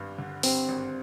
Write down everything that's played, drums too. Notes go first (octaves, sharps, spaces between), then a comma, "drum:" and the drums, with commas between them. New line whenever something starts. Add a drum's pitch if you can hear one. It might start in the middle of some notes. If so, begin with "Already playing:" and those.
Already playing: G#1 G2 G3
D3
G3 C4, drum: open hi-hat
G#1